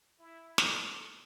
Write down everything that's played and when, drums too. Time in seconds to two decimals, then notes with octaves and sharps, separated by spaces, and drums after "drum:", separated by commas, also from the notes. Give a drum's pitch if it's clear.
0.19 E4
0.58 A4, drum: snare